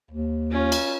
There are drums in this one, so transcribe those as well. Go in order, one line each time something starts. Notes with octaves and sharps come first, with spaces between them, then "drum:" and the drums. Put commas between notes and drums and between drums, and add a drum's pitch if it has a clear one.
D#2
C#4 F4
drum: cymbal